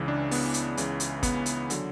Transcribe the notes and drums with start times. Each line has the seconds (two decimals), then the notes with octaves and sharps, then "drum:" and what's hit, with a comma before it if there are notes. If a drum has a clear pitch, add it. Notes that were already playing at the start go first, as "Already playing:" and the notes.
Already playing: C#2 C#3 E3
0.08 D4
0.31 B3, drum: open hi-hat
0.54 drum: hi-hat
0.77 C#2 C#3 E3, drum: hi-hat
1.00 drum: hi-hat
1.23 B3, drum: kick, hi-hat
1.46 drum: hi-hat
1.70 D3 F#3, drum: hi-hat